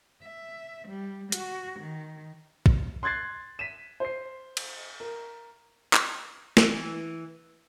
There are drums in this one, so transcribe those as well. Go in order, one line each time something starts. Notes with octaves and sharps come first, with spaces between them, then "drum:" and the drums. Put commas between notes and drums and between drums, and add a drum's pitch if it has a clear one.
E5
G3
F#4, drum: hi-hat
D#3
drum: kick
C6 F#6 G#6 A6 C7
B6 D#7 E7
C5 C7
drum: cymbal
A#4
drum: clap
E3, drum: snare